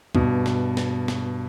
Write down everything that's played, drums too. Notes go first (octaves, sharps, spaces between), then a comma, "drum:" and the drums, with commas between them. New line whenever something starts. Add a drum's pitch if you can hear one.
G2 B2, drum: kick
drum: snare
drum: snare
drum: snare